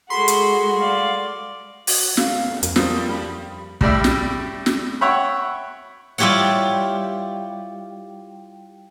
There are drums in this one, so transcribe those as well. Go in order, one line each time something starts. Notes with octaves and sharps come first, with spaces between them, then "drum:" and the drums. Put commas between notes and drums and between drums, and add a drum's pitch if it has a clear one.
G#3 F#4 G#4 A4 B5 C6
drum: hi-hat
D5 F5
F#4, drum: open hi-hat
A3 B3 C#4 F5, drum: snare
F2, drum: hi-hat
F3 G3 A#3 D#6, drum: snare
D4 G4 B5
A2 G3 D5 E5, drum: kick
drum: snare
drum: snare
C#5 E5 F#5 G5 B5
G3 E4 F4 G4 C#5 F#5